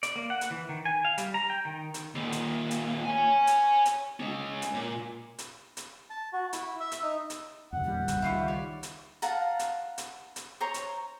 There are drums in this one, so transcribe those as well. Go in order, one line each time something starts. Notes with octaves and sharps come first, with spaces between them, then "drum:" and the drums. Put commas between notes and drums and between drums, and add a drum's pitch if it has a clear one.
D5, drum: hi-hat
A#3
F#5
drum: hi-hat
E3
D#3
G#5
F5
G3, drum: hi-hat
A#5
G5
D#3
drum: hi-hat
D#2 A#2
drum: hi-hat
drum: hi-hat
C#5 G#5
drum: hi-hat
drum: hi-hat
G#3 C#4
drum: hi-hat
A#2
drum: hi-hat
drum: hi-hat
A5
F#4
E4, drum: hi-hat
E5
drum: hi-hat
D#4
drum: hi-hat
F2 C#3 F#5
E2 A#2 D#3 G3
A#1 G2 C#3, drum: hi-hat
C#2 D#3 E4 F4 C#6
C#5 D5
drum: hi-hat
F5 F#5 A5 A#5, drum: hi-hat
drum: hi-hat
drum: hi-hat
drum: hi-hat
C5 C#5 A#5 C#6
drum: hi-hat